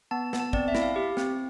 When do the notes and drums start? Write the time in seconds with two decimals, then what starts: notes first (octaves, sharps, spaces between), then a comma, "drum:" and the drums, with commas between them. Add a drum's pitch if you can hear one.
0.11 B3 A5
0.33 B3, drum: snare
0.40 A5
0.53 C4 D5, drum: kick
0.68 E5
0.75 E4, drum: snare
0.82 F5
0.96 G4
1.17 C4, drum: snare